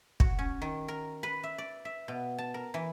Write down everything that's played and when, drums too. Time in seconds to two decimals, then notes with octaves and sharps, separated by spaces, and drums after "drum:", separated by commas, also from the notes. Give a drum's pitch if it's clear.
0.20 F#4, drum: kick
0.39 C#4
0.62 D#3
0.88 A#4
1.23 B4
1.43 E5
1.58 D5
1.85 E5
2.08 B2
2.38 A5
2.54 A#4
2.74 E3